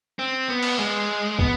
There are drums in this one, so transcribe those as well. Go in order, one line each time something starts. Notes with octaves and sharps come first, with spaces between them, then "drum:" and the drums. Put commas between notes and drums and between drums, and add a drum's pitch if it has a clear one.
C4
B3
drum: cymbal
G#3
B3, drum: kick